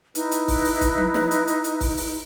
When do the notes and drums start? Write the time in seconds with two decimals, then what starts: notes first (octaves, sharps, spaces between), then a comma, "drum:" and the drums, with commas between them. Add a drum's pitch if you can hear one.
0.15 D#4 E4 B4, drum: hi-hat
0.31 drum: hi-hat
0.48 drum: kick, open hi-hat
0.65 drum: open hi-hat
0.81 drum: kick, hi-hat
0.98 drum: tom F3
1.14 drum: snare
1.31 drum: hi-hat
1.47 drum: hi-hat
1.64 drum: hi-hat
1.81 drum: kick, open hi-hat
1.97 drum: open hi-hat